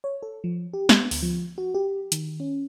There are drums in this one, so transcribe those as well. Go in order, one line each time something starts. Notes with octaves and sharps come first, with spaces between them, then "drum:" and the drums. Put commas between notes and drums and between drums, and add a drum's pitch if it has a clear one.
C#5
A4
F3
G4
B3, drum: snare
D2, drum: open hi-hat
F3
F#4
G4
D#3, drum: hi-hat
C#4